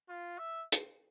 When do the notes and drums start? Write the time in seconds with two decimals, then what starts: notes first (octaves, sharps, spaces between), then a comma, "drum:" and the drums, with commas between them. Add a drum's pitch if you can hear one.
0.09 F4
0.39 E5
0.72 drum: hi-hat